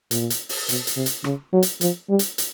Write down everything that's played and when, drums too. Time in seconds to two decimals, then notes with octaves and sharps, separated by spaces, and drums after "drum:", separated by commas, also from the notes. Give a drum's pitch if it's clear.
0.11 A#2, drum: hi-hat
0.30 drum: hi-hat
0.49 drum: open hi-hat
0.69 B2, drum: hi-hat
0.87 drum: hi-hat
0.96 C3
1.06 drum: hi-hat
1.24 C#3, drum: rim click
1.53 F#3
1.63 drum: hi-hat
1.81 F3, drum: hi-hat
2.09 G3
2.19 drum: hi-hat
2.38 drum: hi-hat